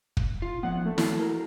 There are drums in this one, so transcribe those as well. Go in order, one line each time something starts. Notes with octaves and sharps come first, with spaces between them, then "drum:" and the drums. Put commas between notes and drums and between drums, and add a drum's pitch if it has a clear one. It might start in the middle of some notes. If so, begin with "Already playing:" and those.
drum: kick
F4
F3 B3 F#5
A3
E4 F#4 A5, drum: snare
A#4